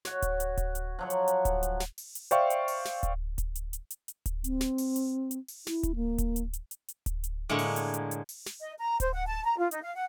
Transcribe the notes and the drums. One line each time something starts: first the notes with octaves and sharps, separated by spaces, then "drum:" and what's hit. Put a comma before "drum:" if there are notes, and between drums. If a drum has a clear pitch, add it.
F#4 C#5, drum: snare
drum: kick D1, hi-hat
drum: hi-hat
drum: kick D1, hi-hat
drum: hi-hat
F3 F#3 F#5
drum: hi-hat
drum: hi-hat
drum: kick D1, hi-hat
drum: hi-hat
drum: snare
drum: open hi-hat
drum: hi-hat
C5 D5 E5 F5 G5 C#6, drum: hi-hat
drum: hi-hat
drum: open hi-hat
drum: snare
drum: kick D1, hi-hat
drum: kick D1, hi-hat
drum: hi-hat
drum: hi-hat
drum: hi-hat
drum: hi-hat
drum: kick D1, hi-hat
C4, drum: hi-hat
drum: snare
drum: open hi-hat
drum: hi-hat
drum: hi-hat
drum: open hi-hat
E4, drum: snare
drum: kick D1, hi-hat
A#3
drum: kick D1, hi-hat
drum: hi-hat
drum: hi-hat
drum: hi-hat
drum: hi-hat
drum: kick D1, hi-hat
drum: hi-hat
A2 D3 G#3 A#3 C#5 F#5
drum: open hi-hat
drum: hi-hat
drum: hi-hat
drum: hi-hat
drum: open hi-hat
drum: snare
D#5
A#5
C5, drum: kick D1, hi-hat
F#5
A5
A#5
F4
D#4, drum: hi-hat
F5
F#5